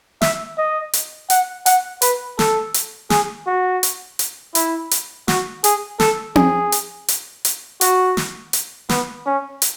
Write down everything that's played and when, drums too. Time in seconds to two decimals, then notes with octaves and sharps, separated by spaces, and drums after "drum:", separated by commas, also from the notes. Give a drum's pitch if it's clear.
0.21 E5, drum: snare
0.58 D#5
0.93 drum: hi-hat
1.30 F#5, drum: hi-hat
1.66 F#5, drum: hi-hat
2.02 B4, drum: hi-hat
2.39 A4, drum: snare
2.74 drum: hi-hat
3.10 G#4, drum: snare
3.47 F#4
3.83 drum: hi-hat
4.19 drum: hi-hat
4.55 E4, drum: hi-hat
4.91 drum: hi-hat
5.28 F#4, drum: snare
5.64 G#4, drum: hi-hat
6.00 A4, drum: snare
6.36 G#4, drum: tom C4
6.72 drum: hi-hat
7.08 drum: hi-hat
7.45 drum: hi-hat
7.81 F#4, drum: hi-hat
8.17 drum: snare
8.53 drum: hi-hat
8.89 B3, drum: snare
9.26 C#4
9.62 drum: hi-hat